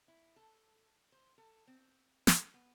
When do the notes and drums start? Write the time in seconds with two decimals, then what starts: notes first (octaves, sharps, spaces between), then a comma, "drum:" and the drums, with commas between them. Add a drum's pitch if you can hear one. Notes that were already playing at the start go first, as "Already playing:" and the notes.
0.08 E4
0.36 A4
1.12 C5
1.38 A4
1.67 C4
2.27 A4, drum: snare
2.54 B3